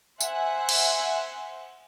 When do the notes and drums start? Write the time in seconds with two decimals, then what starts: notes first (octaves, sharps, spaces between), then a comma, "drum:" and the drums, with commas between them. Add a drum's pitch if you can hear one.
0.21 C5 E5 F#5 G#5 F#6, drum: tambourine
0.69 drum: cymbal